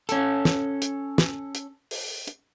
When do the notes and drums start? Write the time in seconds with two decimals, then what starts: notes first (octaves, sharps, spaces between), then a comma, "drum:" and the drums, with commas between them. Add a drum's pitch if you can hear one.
0.09 C#4 A4, drum: hi-hat
0.45 drum: snare
0.82 drum: hi-hat
1.18 drum: snare
1.55 drum: hi-hat
1.91 drum: open hi-hat
2.28 drum: hi-hat